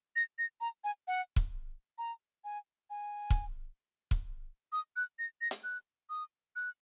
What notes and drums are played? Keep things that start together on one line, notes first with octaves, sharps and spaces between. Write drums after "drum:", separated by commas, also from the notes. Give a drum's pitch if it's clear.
A#6
A#6
A#5
G#5
F#5
drum: kick
A#5
G#5
G#5
drum: kick
drum: kick
D#6
F#6
A#6
A#6
drum: hi-hat
F#6
D#6
F#6